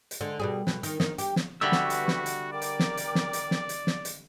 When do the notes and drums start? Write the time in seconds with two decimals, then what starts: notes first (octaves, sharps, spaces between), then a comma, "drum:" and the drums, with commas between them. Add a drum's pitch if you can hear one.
0.11 drum: hi-hat
0.21 D3 G#3
0.40 B2 G3 G#4
0.67 B2, drum: snare
0.83 D#3, drum: hi-hat
1.00 D#3, drum: snare
1.18 G4, drum: hi-hat
1.36 drum: snare
1.61 D3 G3 F#4 G4 B4 E5 C#6 E6
1.72 drum: snare
1.90 drum: hi-hat
2.08 drum: snare
2.26 drum: hi-hat
2.52 A#4 D5 G5 D6
2.62 drum: hi-hat
2.79 drum: snare
2.97 drum: hi-hat
3.15 drum: snare
3.33 drum: hi-hat
3.51 drum: snare
3.69 drum: hi-hat
3.87 drum: snare
4.05 drum: hi-hat